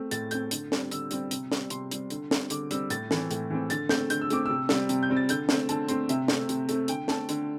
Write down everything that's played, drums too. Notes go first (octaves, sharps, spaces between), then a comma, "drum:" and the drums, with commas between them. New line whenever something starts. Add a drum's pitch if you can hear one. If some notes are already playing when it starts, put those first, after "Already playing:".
Already playing: A3 C4
A2 A6, drum: hi-hat
A3 C4 G6, drum: hi-hat
D3, drum: hi-hat
G3 C4, drum: snare
D3 E6, drum: hi-hat
G3 C4, drum: hi-hat
C3, drum: hi-hat
G3 C4, drum: snare
C3 C6, drum: hi-hat
G3 C4, drum: hi-hat
D3, drum: hi-hat
G3 C4, drum: snare
D3 D6, drum: hi-hat
G3 C4 E6, drum: hi-hat
A2 A6, drum: hi-hat
E3 A3 C4, drum: snare
A2, drum: hi-hat
E3 A3 C4
D3 A6, drum: hi-hat
A3 C4 G6, drum: snare
D3 G6, drum: hi-hat
E6
A3 C4 D6, drum: hi-hat
C3 E6
G3 C4, drum: snare
C3, drum: hi-hat
G6
G3 C4
A6
D3 G6, drum: hi-hat
A3 C4, drum: snare
D3 A5, drum: hi-hat
A3 C4 C6, drum: hi-hat
C3 E5, drum: hi-hat
A3 C4, drum: snare
C3, drum: hi-hat
A3 C4, drum: hi-hat
D3 G5, drum: hi-hat
A3 C4 A5, drum: snare
D3, drum: hi-hat